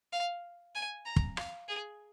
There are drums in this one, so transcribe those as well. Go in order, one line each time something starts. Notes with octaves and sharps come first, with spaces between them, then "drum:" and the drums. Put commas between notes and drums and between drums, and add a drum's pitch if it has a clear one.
F5
G#5
A#5
drum: kick
F5, drum: rim click
G#4